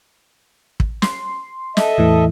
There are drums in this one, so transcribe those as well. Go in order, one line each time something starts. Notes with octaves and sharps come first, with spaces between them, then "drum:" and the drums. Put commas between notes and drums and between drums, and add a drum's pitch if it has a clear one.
drum: kick
C6, drum: snare
A4 D#5 E5, drum: snare
E2 A2 E3